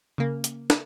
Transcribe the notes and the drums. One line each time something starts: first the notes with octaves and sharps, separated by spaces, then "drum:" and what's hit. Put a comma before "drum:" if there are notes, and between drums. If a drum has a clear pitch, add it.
C#3 A#3
drum: hi-hat
drum: snare